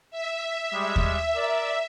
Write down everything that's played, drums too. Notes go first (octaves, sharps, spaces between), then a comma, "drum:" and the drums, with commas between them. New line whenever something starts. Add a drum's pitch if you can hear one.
E5
G3 G#3
drum: kick D#2
A#4 D5